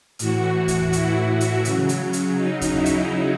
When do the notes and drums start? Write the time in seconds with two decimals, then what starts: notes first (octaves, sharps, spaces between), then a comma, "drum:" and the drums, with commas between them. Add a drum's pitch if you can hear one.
0.19 A2 E3 F#4, drum: hi-hat
0.68 drum: kick D#2, hi-hat
0.93 E4, drum: hi-hat
1.41 drum: hi-hat
1.65 C#3 F#3, drum: hi-hat
1.89 drum: hi-hat
2.13 drum: hi-hat
2.37 D#4
2.61 drum: kick D#2, hi-hat
2.73 E4
2.86 drum: hi-hat